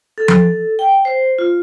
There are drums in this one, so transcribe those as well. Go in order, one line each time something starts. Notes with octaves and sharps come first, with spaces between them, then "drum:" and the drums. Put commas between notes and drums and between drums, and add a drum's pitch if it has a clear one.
A4
drum: tom F3
G5
C5
F4